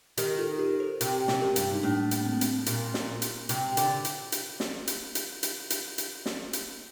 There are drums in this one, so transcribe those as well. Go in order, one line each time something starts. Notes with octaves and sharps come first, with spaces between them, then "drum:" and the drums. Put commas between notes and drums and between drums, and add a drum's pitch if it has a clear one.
D#3 G4 A#4, drum: hi-hat
F4 A4
G4 A#4
A4 C5
C3 G4 A#4, drum: hi-hat
C3, drum: snare
G4 A#4
G2, drum: hi-hat
D#4
A2 A#3 D4
drum: hi-hat
C4
A#3
C4, drum: hi-hat
A#2, drum: hi-hat
drum: snare
drum: hi-hat
C3, drum: hi-hat
D3, drum: hi-hat
drum: hi-hat
drum: hi-hat
drum: snare
drum: hi-hat
drum: hi-hat
drum: hi-hat
drum: hi-hat
drum: hi-hat
drum: snare
drum: hi-hat